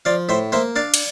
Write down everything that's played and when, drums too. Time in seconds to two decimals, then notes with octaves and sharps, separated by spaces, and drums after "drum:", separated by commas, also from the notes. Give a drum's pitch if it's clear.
0.05 F3 D5 F5
0.29 A2 C5 E5
0.52 A#3 C5 E5
0.76 D4 D5 F5
0.94 drum: cymbal